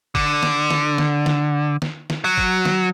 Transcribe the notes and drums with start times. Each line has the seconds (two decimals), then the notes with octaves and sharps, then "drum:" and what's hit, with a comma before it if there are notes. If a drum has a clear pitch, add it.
0.15 D3, drum: kick G1
0.43 drum: snare
0.70 drum: snare
0.98 drum: snare
1.26 drum: snare
1.82 drum: snare
2.10 drum: snare
2.24 F#3
2.38 drum: kick G1
2.65 drum: snare